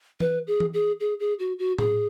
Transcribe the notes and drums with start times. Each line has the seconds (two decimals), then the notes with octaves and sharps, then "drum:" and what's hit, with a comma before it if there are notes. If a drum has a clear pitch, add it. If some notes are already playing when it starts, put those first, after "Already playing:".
0.20 B4, drum: tom E3
0.47 G#4
0.60 drum: tom E3
0.74 G#4
1.00 G#4
1.20 G#4
1.39 F#4
1.59 F#4
1.78 G#4, drum: tom A2